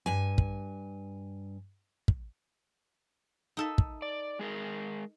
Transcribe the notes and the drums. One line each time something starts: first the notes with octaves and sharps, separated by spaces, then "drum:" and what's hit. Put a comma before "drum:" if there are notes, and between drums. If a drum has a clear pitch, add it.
G2 G#5
drum: kick
drum: kick
D#4 A4 E5
drum: kick
D5
G#3 G#4 A#4